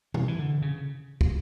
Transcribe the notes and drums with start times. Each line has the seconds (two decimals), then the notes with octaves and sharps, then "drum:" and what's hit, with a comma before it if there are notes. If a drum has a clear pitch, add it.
0.14 E3, drum: tom B2
0.28 E3
0.38 D3
0.62 C#3
1.21 drum: kick